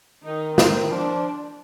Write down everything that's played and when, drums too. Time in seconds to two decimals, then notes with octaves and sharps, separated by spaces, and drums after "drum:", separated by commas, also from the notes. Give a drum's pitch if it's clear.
0.25 D#3 D#4
0.58 C4, drum: snare
0.91 F3 D4